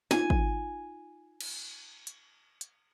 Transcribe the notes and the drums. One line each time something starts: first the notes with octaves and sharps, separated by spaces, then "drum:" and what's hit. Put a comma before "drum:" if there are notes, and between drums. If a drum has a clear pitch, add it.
D#4 F4 G#5, drum: snare
drum: kick G#1
drum: cymbal
drum: hi-hat
drum: hi-hat